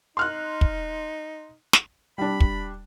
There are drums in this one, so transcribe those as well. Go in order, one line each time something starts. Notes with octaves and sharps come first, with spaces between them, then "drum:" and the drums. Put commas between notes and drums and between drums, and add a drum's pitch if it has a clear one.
D#4 C6 F6 F#6
drum: kick
drum: snare
G3 D4 B5
drum: kick